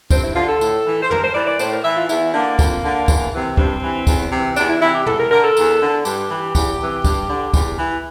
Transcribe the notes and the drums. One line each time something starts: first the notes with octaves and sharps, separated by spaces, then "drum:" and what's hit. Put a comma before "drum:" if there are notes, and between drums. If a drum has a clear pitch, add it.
G2 C4, drum: kick, tambourine
E4
D3 F4
A4
A2, drum: tambourine
E3
C5
G2 A#4, drum: tom
C5
E3 D5
D5
A2 C5, drum: tambourine
A#4
E3 E5
F4
E2 E4, drum: tambourine
D3 A#3
F2, drum: kick, tambourine
D3
E2, drum: kick, tambourine
C3 E3
G2 C4, drum: kick
E3
E2, drum: kick, tambourine
C3
E3
E2 D4, drum: tambourine
E4
C3 E3 E4
G4
E2 A4, drum: tom
A#4
D3 A#4
A4
E2, drum: tambourine
D3
G2 G4, drum: tambourine
E3
E2, drum: kick, tambourine
C3 E3
G2, drum: kick, tambourine
D3
E2, drum: kick, tambourine
E3